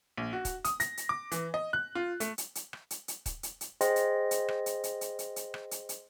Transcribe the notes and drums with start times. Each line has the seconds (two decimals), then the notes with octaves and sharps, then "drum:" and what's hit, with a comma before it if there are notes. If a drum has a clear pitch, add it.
0.17 A#1
0.33 F#4
0.45 drum: kick, hi-hat
0.65 D#6, drum: hi-hat
0.80 A#6, drum: hi-hat
0.97 drum: hi-hat
1.09 D6
1.32 E3, drum: hi-hat
1.54 D#5
1.73 F#6
1.95 F4
2.20 A3, drum: hi-hat
2.38 drum: hi-hat
2.55 drum: hi-hat
2.73 drum: rim click
2.91 drum: hi-hat
3.08 drum: hi-hat
3.26 drum: kick, hi-hat
3.43 drum: hi-hat
3.61 drum: hi-hat
3.81 G#4 C5 D#5 G5 C6 A#6, drum: hi-hat
3.96 drum: hi-hat
4.31 drum: hi-hat
4.48 drum: rim click
4.66 drum: hi-hat
4.84 drum: hi-hat
5.01 drum: hi-hat
5.19 drum: hi-hat
5.36 drum: hi-hat
5.54 drum: rim click
5.71 drum: hi-hat
5.89 drum: hi-hat